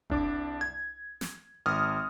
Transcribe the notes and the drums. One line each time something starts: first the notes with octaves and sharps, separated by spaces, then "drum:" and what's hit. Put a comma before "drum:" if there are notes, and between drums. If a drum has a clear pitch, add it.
C2 D4 D6, drum: kick F1
G#6
drum: snare
G#1 D#6 F6